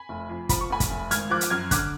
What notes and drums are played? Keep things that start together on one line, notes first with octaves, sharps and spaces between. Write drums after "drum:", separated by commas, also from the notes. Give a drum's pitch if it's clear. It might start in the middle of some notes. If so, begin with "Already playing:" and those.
Already playing: G#5 B5
F1
F2
F3 B5, drum: kick, hi-hat
C#6
F1 G#5 B5
drum: kick, hi-hat
F1
G#1 F6 G#6, drum: hi-hat
F3 D6 F#6
drum: hi-hat
F#2 F6 G#6
D3 D6 F#6, drum: kick, hi-hat